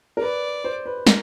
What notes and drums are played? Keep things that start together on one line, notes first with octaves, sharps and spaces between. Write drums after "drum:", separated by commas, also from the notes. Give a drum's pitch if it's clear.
A#4
B4 D5
C5
B4
A#4, drum: snare